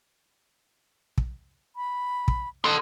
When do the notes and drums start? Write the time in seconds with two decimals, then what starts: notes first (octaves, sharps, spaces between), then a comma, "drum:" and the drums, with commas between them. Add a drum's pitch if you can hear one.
1.18 drum: kick
1.76 B5
2.28 drum: kick
2.64 A4 C6 D#6